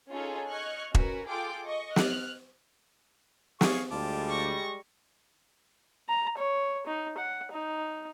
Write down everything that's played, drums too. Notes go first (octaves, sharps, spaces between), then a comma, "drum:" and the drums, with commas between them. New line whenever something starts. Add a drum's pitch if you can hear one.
C#4 D#4 F4 G#4 A4
D#5 C#6 F6 F#6 G#6
C#4 F#4 A#4 B4, drum: kick E1
F4 G#4 A4 G5 C6 D6
D#5 C#6
F6 F#6, drum: snare
G#4 F5 C#6, drum: snare
D2 G3 G#3 F4 A5 D6
C#6 A#6
A#5
C#5
D#4
F#5
D#4